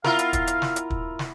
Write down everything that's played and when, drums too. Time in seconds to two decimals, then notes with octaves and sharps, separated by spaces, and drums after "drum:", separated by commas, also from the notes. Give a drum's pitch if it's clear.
0.04 B3 E4 F4 A#4 F5, drum: snare
0.19 drum: hi-hat
0.33 drum: kick, hi-hat
0.47 drum: hi-hat
0.62 drum: snare
0.76 drum: hi-hat
0.90 drum: kick
1.19 drum: snare